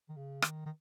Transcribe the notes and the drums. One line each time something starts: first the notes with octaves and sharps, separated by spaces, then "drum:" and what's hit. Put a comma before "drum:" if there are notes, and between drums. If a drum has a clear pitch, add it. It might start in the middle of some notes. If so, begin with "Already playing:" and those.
D#3
C#3
D#3, drum: rim click
D#3